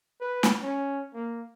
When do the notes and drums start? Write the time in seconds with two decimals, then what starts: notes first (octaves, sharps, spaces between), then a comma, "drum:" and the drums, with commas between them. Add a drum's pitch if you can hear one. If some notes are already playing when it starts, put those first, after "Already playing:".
0.21 B4
0.43 drum: snare
0.62 C#4
1.14 A#3